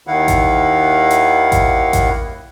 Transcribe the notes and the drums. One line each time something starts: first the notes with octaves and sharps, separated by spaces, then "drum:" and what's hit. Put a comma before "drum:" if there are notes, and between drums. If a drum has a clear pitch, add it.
D#2 D#3 E4 F5 F#5
drum: kick A1, hi-hat
drum: hi-hat
drum: kick A1, hi-hat
drum: kick A1, hi-hat